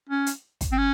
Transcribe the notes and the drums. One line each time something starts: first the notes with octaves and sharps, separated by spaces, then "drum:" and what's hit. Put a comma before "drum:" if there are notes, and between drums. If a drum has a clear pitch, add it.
C#4
drum: hi-hat
drum: kick, hi-hat
C4
C#4